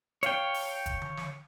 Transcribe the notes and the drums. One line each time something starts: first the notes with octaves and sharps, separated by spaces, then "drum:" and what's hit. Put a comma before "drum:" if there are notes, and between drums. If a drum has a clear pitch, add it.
C#5 F5 G5, drum: hi-hat
drum: open hi-hat
drum: kick, hi-hat
drum: tom D3
drum: snare